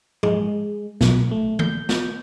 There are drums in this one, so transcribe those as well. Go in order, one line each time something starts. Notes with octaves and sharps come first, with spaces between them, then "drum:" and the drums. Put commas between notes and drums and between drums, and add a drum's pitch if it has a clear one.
G#3, drum: tom G#2
B1, drum: snare
A3
G6, drum: tom
drum: snare